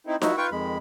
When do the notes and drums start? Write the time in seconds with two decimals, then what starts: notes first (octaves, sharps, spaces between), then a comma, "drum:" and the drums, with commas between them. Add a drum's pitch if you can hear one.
0.07 C4 D#4 E4
0.22 F3 F#3 D#4 E4 F#4, drum: snare D#4
0.38 F4 B4 F5 G5 C#6
0.52 F2 D#3 G#3 B5